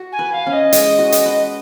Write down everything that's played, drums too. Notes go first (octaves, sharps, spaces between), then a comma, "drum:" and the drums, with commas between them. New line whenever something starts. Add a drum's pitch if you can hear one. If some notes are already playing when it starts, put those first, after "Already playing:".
Already playing: F#4
G#5
B4
F5
C#4
D#5
G#3, drum: hi-hat
F#4
drum: hi-hat
B4